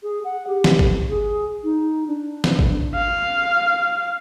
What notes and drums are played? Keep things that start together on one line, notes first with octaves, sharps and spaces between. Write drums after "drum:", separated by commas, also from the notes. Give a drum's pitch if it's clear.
G#4
F#5
G4
drum: snare
drum: kick G#1
G#4
D#4
D4
drum: snare
drum: kick G#1
F5